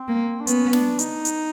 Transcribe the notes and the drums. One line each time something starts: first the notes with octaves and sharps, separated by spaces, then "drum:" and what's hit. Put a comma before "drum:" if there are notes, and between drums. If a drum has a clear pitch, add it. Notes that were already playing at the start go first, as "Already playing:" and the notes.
Already playing: C4
A#3
D4
B3 C#4, drum: hi-hat
D4, drum: snare
D#4, drum: hi-hat
drum: hi-hat